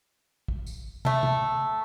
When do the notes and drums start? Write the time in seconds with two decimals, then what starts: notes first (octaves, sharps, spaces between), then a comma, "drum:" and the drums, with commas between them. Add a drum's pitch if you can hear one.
0.48 drum: kick
0.67 drum: tambourine
1.05 A3 A4, drum: tom
1.23 drum: tom